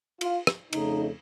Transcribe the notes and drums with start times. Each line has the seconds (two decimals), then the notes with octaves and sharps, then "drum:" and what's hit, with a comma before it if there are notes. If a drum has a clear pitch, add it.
0.21 F4, drum: cymbal
0.47 drum: rim click
0.73 F2 C#3 A3 D#4, drum: cymbal